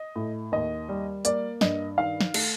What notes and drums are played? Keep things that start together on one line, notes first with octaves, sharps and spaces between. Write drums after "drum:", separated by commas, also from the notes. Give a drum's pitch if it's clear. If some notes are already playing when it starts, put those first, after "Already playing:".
Already playing: D#5
A2
D#2 D#5
G3
A#3 D5, drum: hi-hat
G2 D#5, drum: snare
D#3 F5
drum: snare
A3, drum: cymbal